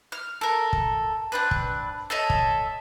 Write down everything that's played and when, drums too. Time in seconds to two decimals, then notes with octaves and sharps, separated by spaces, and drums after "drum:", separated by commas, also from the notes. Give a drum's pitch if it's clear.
0.12 F6
0.41 A4 A#4
0.73 drum: kick
1.32 C4 D4 B4
1.51 drum: kick
2.10 A4 C#5 D#5 E5
2.30 drum: kick